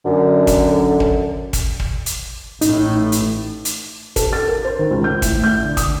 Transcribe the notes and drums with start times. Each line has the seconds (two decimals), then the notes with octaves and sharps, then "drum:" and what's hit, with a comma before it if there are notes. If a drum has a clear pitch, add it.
0.05 F#2 D3
0.47 drum: kick, hi-hat
1.00 drum: kick
1.53 drum: kick, hi-hat
1.80 drum: kick
2.06 drum: hi-hat
2.61 A1 A2 D#4, drum: hi-hat
3.12 drum: hi-hat
3.65 drum: hi-hat
4.16 A4, drum: kick, hi-hat
4.33 A6
4.48 A#4
4.65 C5
4.79 D#3
4.91 C#2
5.04 G6
5.22 A2, drum: kick, hi-hat
5.44 G6
5.63 D3
5.77 D#6, drum: kick, hi-hat